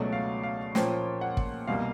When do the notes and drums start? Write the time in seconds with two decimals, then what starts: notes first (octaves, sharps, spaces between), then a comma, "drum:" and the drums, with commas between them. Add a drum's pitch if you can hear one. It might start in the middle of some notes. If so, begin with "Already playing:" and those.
Already playing: C#2 B2 F#3 A3 C#4 D5
0.13 F5
0.43 F5
0.75 A#2 F3 A#3 C#4 G5, drum: snare
1.21 F#5
1.37 drum: kick
1.68 C2 B2 G3 A#3 F5